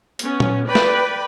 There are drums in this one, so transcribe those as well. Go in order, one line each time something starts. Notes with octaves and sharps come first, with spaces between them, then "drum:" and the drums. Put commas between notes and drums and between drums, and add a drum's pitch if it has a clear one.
B3 C#4, drum: hi-hat
drum: tom A#2
B4 D5 G5 B5
drum: snare